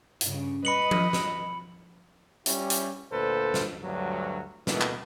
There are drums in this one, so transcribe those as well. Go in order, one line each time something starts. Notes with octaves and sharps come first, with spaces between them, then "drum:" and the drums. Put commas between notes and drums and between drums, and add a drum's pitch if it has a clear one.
G2 C#3, drum: hi-hat
B4 D#5 B5 C#7 F#7
drum: tom F3
drum: snare
G3 C#4 E4 G4, drum: hi-hat
drum: hi-hat
D2 A#2 A4 B4 C5
drum: snare
D2 G2 F#3
B2 E3 A3 A#3 E4, drum: snare
drum: clap